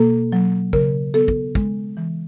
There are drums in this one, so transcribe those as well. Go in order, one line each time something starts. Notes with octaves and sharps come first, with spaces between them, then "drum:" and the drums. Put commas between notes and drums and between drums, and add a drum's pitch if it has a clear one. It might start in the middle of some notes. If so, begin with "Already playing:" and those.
Already playing: B2 A#3 A4
F#3
C#3 A#4, drum: kick
B3 A4
drum: kick
G#3, drum: kick
E3